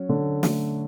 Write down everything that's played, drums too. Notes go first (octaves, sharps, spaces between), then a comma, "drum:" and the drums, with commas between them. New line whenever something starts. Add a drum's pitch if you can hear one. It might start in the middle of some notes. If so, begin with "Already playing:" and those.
Already playing: F#3 C#4
D3
A3, drum: snare